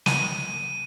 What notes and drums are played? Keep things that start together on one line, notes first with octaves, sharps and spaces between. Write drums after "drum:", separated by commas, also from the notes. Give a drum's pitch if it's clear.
D#7, drum: snare